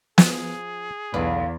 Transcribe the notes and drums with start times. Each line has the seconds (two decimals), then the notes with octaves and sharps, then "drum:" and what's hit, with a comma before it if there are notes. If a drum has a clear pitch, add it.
0.18 F3 G#4, drum: snare
1.14 B1 E2 D3 F4 B4 D5